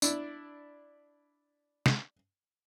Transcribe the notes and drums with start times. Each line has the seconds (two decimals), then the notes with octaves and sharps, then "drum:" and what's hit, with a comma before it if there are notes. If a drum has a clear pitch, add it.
0.02 D4 E4, drum: tambourine
1.86 drum: snare